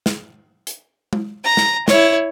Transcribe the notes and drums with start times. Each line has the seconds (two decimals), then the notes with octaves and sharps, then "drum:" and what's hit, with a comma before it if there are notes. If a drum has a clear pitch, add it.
0.06 drum: snare
0.67 drum: hi-hat
1.13 drum: tom G#3
1.45 A#5
1.57 drum: snare
1.88 E4 C#5, drum: snare